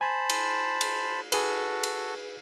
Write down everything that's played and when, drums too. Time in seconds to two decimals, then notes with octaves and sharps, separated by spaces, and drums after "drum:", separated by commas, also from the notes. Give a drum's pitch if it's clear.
0.01 C5 G#5 A5 B5
0.30 drum: cymbal
0.81 drum: cymbal
1.32 F#4 G#4 A4 B4, drum: cymbal
1.83 drum: cymbal